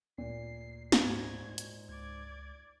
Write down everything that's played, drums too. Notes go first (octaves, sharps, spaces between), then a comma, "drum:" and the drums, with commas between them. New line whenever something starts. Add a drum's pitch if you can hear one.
D2 A#2 C7
drum: snare
G#2 F#4 G#6
drum: hi-hat
C#2 D5 G#6